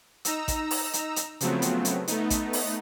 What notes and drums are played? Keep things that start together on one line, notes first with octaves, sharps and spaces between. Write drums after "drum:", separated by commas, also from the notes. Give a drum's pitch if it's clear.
D#4 A#5 E6, drum: hi-hat
drum: kick A1, hi-hat
drum: open hi-hat
drum: hi-hat
drum: hi-hat
C#3 F3 F#3 A3 B3 C4, drum: hi-hat
drum: hi-hat
drum: hi-hat
A3 B3 D#4, drum: hi-hat
drum: kick A1, hi-hat
drum: open hi-hat